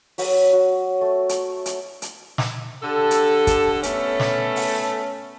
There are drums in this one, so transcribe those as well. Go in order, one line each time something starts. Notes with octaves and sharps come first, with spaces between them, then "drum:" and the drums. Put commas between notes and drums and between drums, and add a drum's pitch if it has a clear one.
F#3, drum: open hi-hat
F#4
A3
drum: hi-hat
drum: hi-hat
drum: hi-hat
drum: snare
D3 G4 A4
drum: hi-hat
drum: kick, hi-hat
A3 B3 C#4 A4, drum: hi-hat
drum: snare
drum: open hi-hat